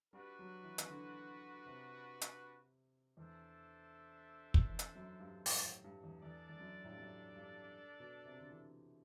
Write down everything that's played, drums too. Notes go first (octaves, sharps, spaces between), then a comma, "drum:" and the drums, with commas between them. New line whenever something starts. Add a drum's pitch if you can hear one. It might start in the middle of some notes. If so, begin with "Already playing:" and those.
G3 D4 F#4 B4
F#3
E3
E3, drum: hi-hat
D3
C3
drum: hi-hat
E2 D4 A4 C5 E5
drum: kick
E2
drum: hi-hat
F#2
G2
A2, drum: open hi-hat
G2
A2
G2
E2
E2 D4 A4 D5
E2
F#2
A2
G2
F#2
G2
B2
C3
D3
E3